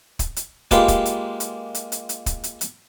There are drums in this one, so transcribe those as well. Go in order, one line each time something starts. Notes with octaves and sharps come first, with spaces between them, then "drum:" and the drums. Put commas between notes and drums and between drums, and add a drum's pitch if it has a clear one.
drum: kick, hi-hat
drum: hi-hat
G#3 A#3 F4 G4 B4, drum: kick, hi-hat
drum: kick, hi-hat
drum: hi-hat
drum: hi-hat
drum: hi-hat
drum: hi-hat
drum: hi-hat
drum: kick, hi-hat
drum: hi-hat
drum: hi-hat